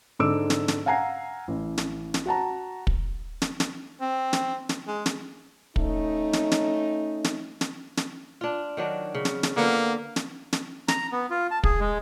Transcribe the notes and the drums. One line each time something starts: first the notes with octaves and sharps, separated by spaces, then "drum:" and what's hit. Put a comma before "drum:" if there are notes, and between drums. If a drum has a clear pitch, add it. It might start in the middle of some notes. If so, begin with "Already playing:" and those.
G#2 D3 D6 E6 D7
drum: snare
drum: snare
F5 F#5 G#5 A#5 C7
A1
drum: snare
drum: snare
F#4 F#5 A5 A#5
drum: kick
drum: snare
drum: snare
C4
drum: snare
drum: snare
G#3
drum: snare
A3 C#4 D#4, drum: kick
drum: snare
drum: snare
drum: snare
drum: snare
drum: snare
D4 F4
D#3 F#3 D4
C#3
drum: snare
drum: snare
D3 A#3 B3 F4
drum: snare
drum: snare
A#5, drum: snare
B3
F4
A5
G#4, drum: kick
G#3